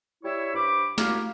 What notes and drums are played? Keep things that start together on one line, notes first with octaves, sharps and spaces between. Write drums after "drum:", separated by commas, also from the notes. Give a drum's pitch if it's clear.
G3 E4 C#5 E5 C#6 E6
G2 C5 B5 D6
A#3 E4 F#4 G4 F5 F6, drum: snare